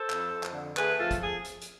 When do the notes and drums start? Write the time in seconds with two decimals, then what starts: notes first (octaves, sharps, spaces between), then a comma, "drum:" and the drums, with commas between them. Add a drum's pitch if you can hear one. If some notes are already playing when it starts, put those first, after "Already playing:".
Already playing: A4 C5
0.10 F2, drum: clap
0.31 F2
0.43 drum: clap
0.54 D3
0.77 A3 G#4 B4, drum: clap
0.99 F2 F4 A4
1.11 drum: kick, hi-hat
1.21 G#4
1.45 drum: hi-hat
1.61 drum: hi-hat